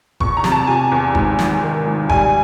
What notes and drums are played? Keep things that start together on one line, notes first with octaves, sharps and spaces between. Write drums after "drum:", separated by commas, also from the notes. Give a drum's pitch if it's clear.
E2 C#6, drum: kick F#1
A#5
C3, drum: snare
A5
C3 G#5
E2
G#1, drum: kick F#1
G#1, drum: snare
D#3
G#1
G3 G#5, drum: kick F#1